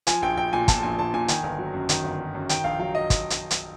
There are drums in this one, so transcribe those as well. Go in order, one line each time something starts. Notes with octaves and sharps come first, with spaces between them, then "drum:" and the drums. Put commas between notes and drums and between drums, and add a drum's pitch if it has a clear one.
F3 G#5, drum: hi-hat
A#1 G5
A#1 G5
A#2 G#5
F3 A5, drum: kick, hi-hat
A#1 G#5
A#1 A5
A#2 G#5
D#3 G#5, drum: hi-hat
G1
F#3
F#2
D#3, drum: hi-hat
G1
F#3
F#2
D#3 G5, drum: hi-hat
A#1 F5
F#3 F5
D#5
drum: kick, hi-hat
drum: hi-hat
drum: hi-hat